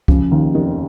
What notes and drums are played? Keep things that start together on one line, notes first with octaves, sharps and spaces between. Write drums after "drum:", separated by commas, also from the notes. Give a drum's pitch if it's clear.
C#3 F3, drum: kick
D#2 D#3
F1 D#3